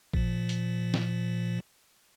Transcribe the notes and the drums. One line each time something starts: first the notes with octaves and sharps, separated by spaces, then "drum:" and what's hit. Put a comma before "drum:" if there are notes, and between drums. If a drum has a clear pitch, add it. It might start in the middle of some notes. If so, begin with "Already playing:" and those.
A#2 F3, drum: kick A1
drum: hi-hat
drum: snare